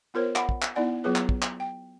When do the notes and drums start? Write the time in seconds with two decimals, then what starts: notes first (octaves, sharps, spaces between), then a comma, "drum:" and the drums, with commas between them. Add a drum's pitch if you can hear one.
0.14 B3 F4 A#4 C5 C#5
0.35 F#5 B5, drum: clap
0.49 drum: kick
0.62 drum: clap
0.75 B3 D#4 E4 D5 F#5 G#5
1.04 F#3 B3 F4 G#4 B4 C#5
1.16 drum: clap
1.29 drum: kick
1.42 drum: clap
1.60 G5